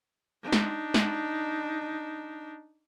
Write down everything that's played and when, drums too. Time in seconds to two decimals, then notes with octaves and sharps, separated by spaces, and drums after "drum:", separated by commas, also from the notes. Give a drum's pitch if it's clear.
0.43 D4 D#4
0.52 drum: snare
0.94 drum: snare